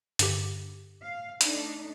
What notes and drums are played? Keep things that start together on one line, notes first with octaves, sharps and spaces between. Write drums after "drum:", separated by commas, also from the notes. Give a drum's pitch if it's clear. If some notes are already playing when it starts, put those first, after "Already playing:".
G2 D3 G4, drum: hi-hat
F5
A3 D4 D#4, drum: hi-hat